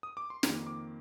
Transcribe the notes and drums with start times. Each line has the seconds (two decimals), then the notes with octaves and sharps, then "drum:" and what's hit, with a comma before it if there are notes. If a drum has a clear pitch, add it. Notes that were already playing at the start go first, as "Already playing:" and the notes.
0.03 D#6
0.17 D6
0.30 C6
0.43 F2 D#3 A#3 A#5, drum: snare
0.67 D6